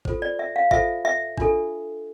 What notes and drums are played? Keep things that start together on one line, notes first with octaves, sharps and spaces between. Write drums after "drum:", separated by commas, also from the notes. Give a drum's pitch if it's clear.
F4 A4 C5, drum: kick G#1
D5
E5
F5
F4 A4 C5 E5, drum: kick G#1
E5
D4 F4 A4, drum: kick G#1